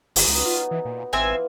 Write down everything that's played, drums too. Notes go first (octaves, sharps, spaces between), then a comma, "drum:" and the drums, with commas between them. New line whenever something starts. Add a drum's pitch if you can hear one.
G1 D#4, drum: open hi-hat
C#2 F#3 B3
F4
E3
A#2
G#1 E3 F3 C4 E5 G#5